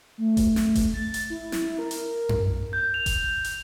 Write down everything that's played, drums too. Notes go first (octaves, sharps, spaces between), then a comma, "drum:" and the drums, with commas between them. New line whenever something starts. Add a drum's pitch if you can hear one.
A3
drum: kick F1, hi-hat
drum: snare
drum: kick F1, hi-hat
A6
drum: hi-hat
E4
drum: snare
A#4
drum: hi-hat
drum: tom F#2
G6
F7
drum: kick F1, hi-hat
drum: hi-hat